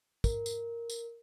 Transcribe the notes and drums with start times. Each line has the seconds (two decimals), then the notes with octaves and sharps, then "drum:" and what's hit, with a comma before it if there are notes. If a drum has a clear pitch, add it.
0.24 A#4, drum: kick, tambourine
0.46 drum: tambourine
0.90 drum: tambourine